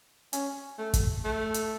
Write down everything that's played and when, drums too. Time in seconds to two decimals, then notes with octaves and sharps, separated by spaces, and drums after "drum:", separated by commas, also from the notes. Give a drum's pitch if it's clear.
0.33 C#4, drum: hi-hat
0.78 A3
0.94 drum: kick, hi-hat
1.24 A3
1.54 drum: hi-hat